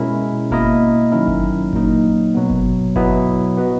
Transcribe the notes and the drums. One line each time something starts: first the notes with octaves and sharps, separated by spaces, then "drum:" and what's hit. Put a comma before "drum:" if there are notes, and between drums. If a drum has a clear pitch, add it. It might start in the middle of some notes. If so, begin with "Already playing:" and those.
Already playing: B2 G#3 C#4 E4 A#4
B2 A#3 E4 A#4 D#5, drum: kick G1
D#3 F#3 C#4 E4 A#4
drum: kick G1
A#2 F#3 A#3 D#4 A#4, drum: kick G1
B2 F#3 B3
drum: kick G1
B2 F#3 B3 E4, drum: kick G1
B3 F#4 B4 D#5